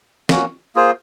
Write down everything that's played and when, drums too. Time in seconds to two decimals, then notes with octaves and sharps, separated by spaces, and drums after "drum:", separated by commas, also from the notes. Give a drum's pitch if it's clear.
0.29 A#3 C#4 F#4, drum: snare
0.75 A#3 F4 G#4 C5